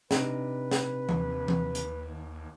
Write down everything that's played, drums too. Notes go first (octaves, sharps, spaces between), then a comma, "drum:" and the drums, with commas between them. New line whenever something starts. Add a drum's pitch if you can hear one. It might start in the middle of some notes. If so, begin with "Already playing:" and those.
C3 D4 D#4 B4, drum: snare
drum: snare
D#2, drum: tom E3
drum: tom E3
drum: hi-hat